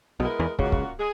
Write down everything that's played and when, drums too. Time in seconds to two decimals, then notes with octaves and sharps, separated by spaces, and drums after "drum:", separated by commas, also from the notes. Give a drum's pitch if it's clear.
0.20 B1 B2 G#3 B3 E4 A#4
0.40 E2 E3
0.59 C#2 A#2 C#3 A#3 C#4 F#4, drum: kick
0.72 drum: kick
0.98 G#4